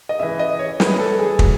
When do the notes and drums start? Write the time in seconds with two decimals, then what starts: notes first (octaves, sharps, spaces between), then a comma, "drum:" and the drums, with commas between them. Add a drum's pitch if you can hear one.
0.09 D#5
0.20 C#3 E3 E5
0.39 D#5
0.59 C#5
0.80 B4, drum: snare
0.99 A4
1.19 G#4
1.39 A2 F#3, drum: kick